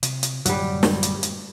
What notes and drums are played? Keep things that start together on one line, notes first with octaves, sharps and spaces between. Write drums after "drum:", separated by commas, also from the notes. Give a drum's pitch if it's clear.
C3, drum: hi-hat
drum: hi-hat
F#2 A2 D3 F#3 G3, drum: hi-hat
drum: snare
drum: hi-hat
drum: hi-hat